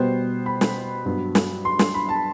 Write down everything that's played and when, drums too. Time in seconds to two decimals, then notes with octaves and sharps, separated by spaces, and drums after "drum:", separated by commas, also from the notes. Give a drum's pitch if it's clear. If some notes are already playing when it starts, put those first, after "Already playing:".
Already playing: B2 G3 B3 C5
0.46 B5
0.61 drum: snare
1.05 G2 F#3 B3
1.35 drum: snare
1.65 C6
1.79 drum: snare
1.94 B5
2.09 A5